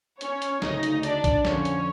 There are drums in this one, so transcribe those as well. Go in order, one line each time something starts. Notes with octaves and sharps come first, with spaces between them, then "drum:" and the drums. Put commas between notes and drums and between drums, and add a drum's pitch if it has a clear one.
C#4 C#5, drum: hi-hat
drum: hi-hat
D2 C#3 F#3 A3 D#4 D#5, drum: snare
drum: hi-hat
D4 D5, drum: hi-hat
drum: kick B1, hi-hat
F2 D3 F3 C#4 C#5, drum: snare
drum: hi-hat